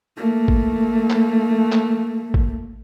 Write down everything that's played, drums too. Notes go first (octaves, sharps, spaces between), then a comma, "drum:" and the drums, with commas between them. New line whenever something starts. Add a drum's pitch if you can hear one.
A3 A#3
drum: kick G#1
drum: clap
drum: clap
drum: kick G#1